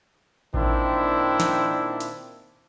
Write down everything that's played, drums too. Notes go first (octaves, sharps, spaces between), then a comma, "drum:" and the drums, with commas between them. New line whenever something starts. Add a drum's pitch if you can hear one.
A#2 D#3 C4 D4 E4, drum: kick A1
drum: snare
drum: hi-hat